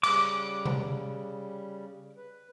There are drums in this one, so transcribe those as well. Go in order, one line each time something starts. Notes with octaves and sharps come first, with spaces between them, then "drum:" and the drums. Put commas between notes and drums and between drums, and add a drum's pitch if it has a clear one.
C#3 G3 D6, drum: cymbal
drum: tom C3
B4